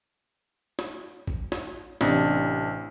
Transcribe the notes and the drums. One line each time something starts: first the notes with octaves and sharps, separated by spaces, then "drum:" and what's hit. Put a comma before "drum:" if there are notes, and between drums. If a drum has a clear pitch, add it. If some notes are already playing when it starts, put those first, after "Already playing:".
drum: snare
drum: kick A1
drum: snare
A1 C3 D4, drum: snare